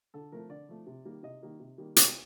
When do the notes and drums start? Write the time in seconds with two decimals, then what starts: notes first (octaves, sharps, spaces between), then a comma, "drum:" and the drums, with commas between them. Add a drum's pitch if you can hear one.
0.14 D3 A4
0.32 F3 A3 A#4
0.49 D3 D5
0.69 F3 A3
0.86 C3
1.05 D#3 G3 A#3
1.23 C3 D#5
1.42 D#3 G3 A#3
1.60 C3
1.78 D#3 G3 A#3
1.96 C3 G5, drum: hi-hat